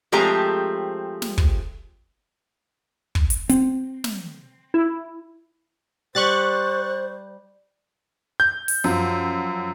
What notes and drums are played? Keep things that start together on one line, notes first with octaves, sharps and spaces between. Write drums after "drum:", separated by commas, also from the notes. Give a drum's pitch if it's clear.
F3 G#3 A3 C4 G4 A#5
drum: snare
drum: kick
drum: kick
drum: hi-hat
C4, drum: hi-hat
drum: snare
E4
G3 G4 C5 C#6 F#6 A6
G6
drum: open hi-hat
F#2 F3